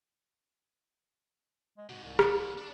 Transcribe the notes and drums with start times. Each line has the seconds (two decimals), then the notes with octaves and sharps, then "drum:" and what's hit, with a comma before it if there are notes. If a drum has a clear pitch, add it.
1.78 G#3
1.90 G#2 C3 F#4
2.04 C2
2.19 A#3 C#5, drum: rim click
2.57 D4